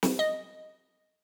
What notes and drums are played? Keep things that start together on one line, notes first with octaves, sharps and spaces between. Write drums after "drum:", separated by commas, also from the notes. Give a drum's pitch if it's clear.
drum: snare
D#5